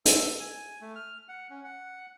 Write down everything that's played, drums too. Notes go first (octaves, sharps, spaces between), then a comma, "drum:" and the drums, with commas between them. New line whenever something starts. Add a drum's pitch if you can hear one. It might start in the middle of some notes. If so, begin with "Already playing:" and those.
A4, drum: hi-hat
G#5
A3
F6
F#5
C#4
F#5